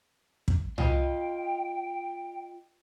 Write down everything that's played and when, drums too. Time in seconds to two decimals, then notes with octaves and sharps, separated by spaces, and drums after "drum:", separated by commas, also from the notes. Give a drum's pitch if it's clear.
0.48 drum: kick
0.78 F4 D#5 G5, drum: tom C2